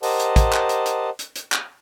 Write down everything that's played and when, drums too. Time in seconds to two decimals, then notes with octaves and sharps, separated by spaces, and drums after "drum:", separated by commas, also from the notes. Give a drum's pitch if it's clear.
0.03 G4 A#4 C5 D#5 F#5 A5, drum: open hi-hat
0.20 drum: hi-hat
0.36 drum: kick, hi-hat
0.53 drum: clap
0.69 drum: hi-hat
0.86 drum: hi-hat
1.19 drum: hi-hat
1.36 drum: hi-hat
1.52 drum: clap